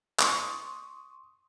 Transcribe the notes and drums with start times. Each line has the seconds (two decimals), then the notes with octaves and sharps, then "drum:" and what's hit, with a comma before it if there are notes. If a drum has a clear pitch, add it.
0.20 C6 C#6 D#6, drum: clap